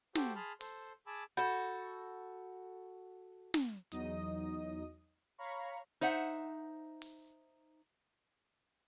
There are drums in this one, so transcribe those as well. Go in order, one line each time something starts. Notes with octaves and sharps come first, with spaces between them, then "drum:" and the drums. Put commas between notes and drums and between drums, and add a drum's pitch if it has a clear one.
F#4 G4 A4 C5, drum: snare
G#4 A5 B5 C6 F6
A4 C5 C6, drum: open hi-hat
G#4 G#5 A5 B5 D6 E6
F#4 A4 B5 G6
drum: snare
E2 F#3 D#4 D#5 D#6, drum: hi-hat
C#5 F5 A#5 B5 C#6
D#4 C5 E5 F#5
drum: open hi-hat